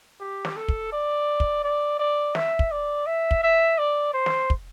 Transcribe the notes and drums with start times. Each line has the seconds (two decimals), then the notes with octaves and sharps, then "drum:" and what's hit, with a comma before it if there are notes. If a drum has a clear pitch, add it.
0.20 G4
0.45 drum: snare
0.56 A4
0.68 drum: kick
0.92 D5
1.40 drum: kick
1.64 D5
1.99 D5
2.35 E5, drum: snare
2.59 drum: kick
2.71 D5
3.06 E5
3.31 drum: kick
3.43 E5
3.78 D5
4.14 C5
4.26 drum: snare
4.50 drum: kick